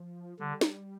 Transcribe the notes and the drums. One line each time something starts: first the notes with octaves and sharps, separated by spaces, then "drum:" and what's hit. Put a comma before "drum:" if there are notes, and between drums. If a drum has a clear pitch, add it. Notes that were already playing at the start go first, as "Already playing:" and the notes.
Already playing: F3
D3 G3
drum: snare